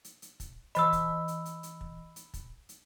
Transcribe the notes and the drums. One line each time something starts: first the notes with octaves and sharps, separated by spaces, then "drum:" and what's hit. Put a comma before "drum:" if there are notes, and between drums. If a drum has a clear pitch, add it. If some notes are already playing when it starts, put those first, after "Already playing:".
drum: hi-hat
drum: hi-hat
drum: kick, hi-hat
E3 D#5 B5 E6, drum: hi-hat
drum: kick, hi-hat
drum: hi-hat
drum: hi-hat
drum: hi-hat
drum: kick
drum: hi-hat
drum: kick, hi-hat
drum: hi-hat